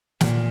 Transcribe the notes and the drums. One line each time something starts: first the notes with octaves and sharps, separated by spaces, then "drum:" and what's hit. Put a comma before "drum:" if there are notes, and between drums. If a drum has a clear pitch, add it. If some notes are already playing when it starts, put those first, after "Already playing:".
A#2, drum: snare